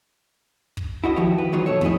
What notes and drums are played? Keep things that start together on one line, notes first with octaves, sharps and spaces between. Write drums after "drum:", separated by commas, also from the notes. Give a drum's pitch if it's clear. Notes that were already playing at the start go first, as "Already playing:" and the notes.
drum: kick
E4 F#4 D#5
D#3 F3 E4 F#4 G4
B4
D#3 E3 F#3 D#4 F4
B2 A4 C#5
F3 A3 C4 E4 G#4 D#5, drum: kick